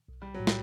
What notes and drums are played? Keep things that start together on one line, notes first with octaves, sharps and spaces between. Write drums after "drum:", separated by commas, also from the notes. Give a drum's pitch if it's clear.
B1
G3
F#3
A2
G3, drum: snare